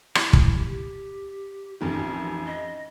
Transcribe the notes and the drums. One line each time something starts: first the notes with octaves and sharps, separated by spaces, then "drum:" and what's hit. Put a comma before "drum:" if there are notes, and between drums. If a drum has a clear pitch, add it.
E4, drum: rim click
drum: kick
G4
A1 F2 D#3 C#4
D#5